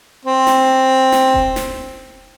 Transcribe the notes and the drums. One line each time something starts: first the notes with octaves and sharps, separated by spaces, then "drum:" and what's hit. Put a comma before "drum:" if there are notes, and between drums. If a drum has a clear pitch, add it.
C4
drum: snare
drum: snare
drum: kick E1
drum: snare